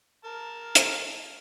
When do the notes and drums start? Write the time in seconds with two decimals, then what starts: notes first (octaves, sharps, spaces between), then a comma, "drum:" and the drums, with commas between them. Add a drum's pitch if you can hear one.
0.25 A#4 A5
0.75 drum: hi-hat